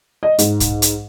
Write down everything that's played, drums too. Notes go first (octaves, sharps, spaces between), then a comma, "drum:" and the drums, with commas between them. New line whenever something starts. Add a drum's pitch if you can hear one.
D#5
G#2, drum: hi-hat
drum: kick, hi-hat
drum: hi-hat